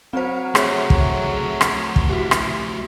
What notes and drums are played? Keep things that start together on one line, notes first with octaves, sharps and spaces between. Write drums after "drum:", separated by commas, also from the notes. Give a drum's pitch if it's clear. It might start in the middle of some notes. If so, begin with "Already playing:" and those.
F#3 C4 C5
A3 C4 G#4 C#5 E5, drum: rim click
drum: kick
drum: rim click
drum: kick
E3 F#4 G4
drum: rim click